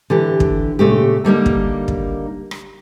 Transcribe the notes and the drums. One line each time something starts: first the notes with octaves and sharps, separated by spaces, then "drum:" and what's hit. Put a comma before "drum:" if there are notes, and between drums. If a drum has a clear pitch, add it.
D3 E3 G4
drum: kick
A#2 C#3 A3 G4
D3 G3 A#3 D#4
drum: kick
drum: kick
drum: rim click